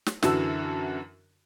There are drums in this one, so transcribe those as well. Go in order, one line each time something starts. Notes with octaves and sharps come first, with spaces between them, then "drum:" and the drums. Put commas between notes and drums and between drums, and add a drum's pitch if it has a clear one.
drum: snare
F#2 D3 E3 F#4 A5 E6, drum: snare